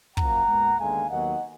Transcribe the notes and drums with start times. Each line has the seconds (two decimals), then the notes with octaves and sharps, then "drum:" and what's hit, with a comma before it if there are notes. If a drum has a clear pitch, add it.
0.17 F#2 F3 A#3 F#5 A#5, drum: kick
0.48 A#2 G#3 B3
0.80 D#2 D3 G#3 B3 F5 G#5
1.10 D#2 D#3 F#3 B3 D#5 F#5